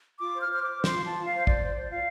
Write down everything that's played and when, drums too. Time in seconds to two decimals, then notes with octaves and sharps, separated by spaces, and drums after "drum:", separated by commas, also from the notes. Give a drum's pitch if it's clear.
0.20 F4 D6
0.35 C5
0.41 F6
0.48 C5
0.53 F6
0.62 C5 D6
0.77 C5
0.84 C6, drum: snare
0.91 F4
1.05 F4 A5
1.19 F4
1.26 F5
1.34 C5
1.47 C5 D5, drum: kick
1.61 C5
1.76 C5
1.90 F4 F5